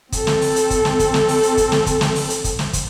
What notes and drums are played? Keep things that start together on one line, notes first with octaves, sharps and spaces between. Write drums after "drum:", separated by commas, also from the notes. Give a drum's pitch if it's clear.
C4 A4, drum: kick, hi-hat
drum: snare
drum: open hi-hat
drum: hi-hat
drum: kick, hi-hat
drum: snare
drum: kick, hi-hat
drum: snare
drum: open hi-hat
drum: hi-hat
drum: kick, hi-hat
drum: snare
drum: kick, hi-hat
drum: snare
drum: open hi-hat
drum: hi-hat
drum: kick, hi-hat
drum: snare
drum: kick, hi-hat